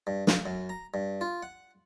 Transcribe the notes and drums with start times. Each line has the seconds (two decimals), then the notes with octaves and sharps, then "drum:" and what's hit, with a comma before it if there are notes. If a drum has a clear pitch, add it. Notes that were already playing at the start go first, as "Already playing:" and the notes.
0.07 G2
0.27 F5, drum: snare
0.46 F#2
0.69 A#5
0.94 G2
1.21 F4
1.43 F#5